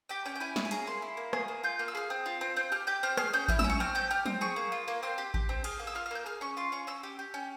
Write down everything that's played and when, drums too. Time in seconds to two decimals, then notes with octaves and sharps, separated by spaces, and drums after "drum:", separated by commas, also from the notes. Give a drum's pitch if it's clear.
0.09 G4 G5
0.25 C#4 G5
0.36 G5
0.40 E4 G#5
0.56 C#4, drum: snare
0.65 G#5
0.71 G#4 A#5, drum: hi-hat
0.87 A#3 C6
1.02 E4
1.17 A#3
1.33 G#4, drum: rim click
1.48 A#3
1.63 F4 G6
1.79 A#3 F6
1.88 E6
1.95 G#4 F6
2.10 C4
2.26 F4
2.41 C4
2.56 C4 G6
2.72 G4 F6
2.87 G4 G6
3.03 C4 F6
3.17 G#4 F6, drum: rim click
3.33 C#4 G6
3.48 E4 F6, drum: kick A1
3.59 E6, drum: tom
3.64 C#4
3.70 C#6
3.80 C4 F6
3.95 G4 G6
4.11 G4 F6
4.26 C4, drum: tom
4.41 G#4 C#6
4.56 A#3
4.72 F4
4.88 A#3
5.03 C4 C6
5.18 G4
5.34 G4, drum: kick A1
5.49 C4
5.64 G#4 F6, drum: cymbal
5.79 A#3
5.87 E6
5.95 F4 F6
6.06 F6
6.11 A#3 G6
6.26 G#4 F6
6.41 C#4 C#6
6.57 F4 C6
6.72 C#4 C#6
6.87 C#4 E6
7.03 G4
7.19 G4
7.34 C#4